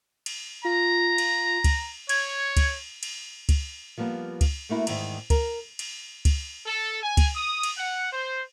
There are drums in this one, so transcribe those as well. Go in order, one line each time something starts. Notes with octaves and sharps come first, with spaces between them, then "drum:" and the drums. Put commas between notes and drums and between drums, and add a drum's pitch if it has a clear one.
drum: cymbal
F4 A#5
drum: cymbal
drum: kick C#2, cymbal
C#5 G#6, drum: cymbal
drum: kick C#2, cymbal
drum: cymbal
drum: kick C#2, cymbal
F3 G3 A#3 B3
drum: kick C#2, cymbal
A3 A#3 E4 F#4
E2 G#2 D#3 E4 D5, drum: cymbal
A#4, drum: kick C#2, cymbal
drum: cymbal
drum: kick C#2, cymbal
A4
G#5
drum: kick C#2, cymbal
D#6
drum: cymbal
F#5
C5